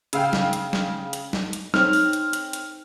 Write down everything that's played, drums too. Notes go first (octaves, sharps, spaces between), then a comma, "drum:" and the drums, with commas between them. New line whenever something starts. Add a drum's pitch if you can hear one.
C#3 F5 G5 E6, drum: hi-hat
drum: snare
drum: hi-hat
drum: snare
drum: hi-hat
drum: snare
drum: hi-hat
C4 D#4 A4 C#5 F6, drum: snare
drum: open hi-hat
drum: hi-hat
drum: hi-hat
drum: hi-hat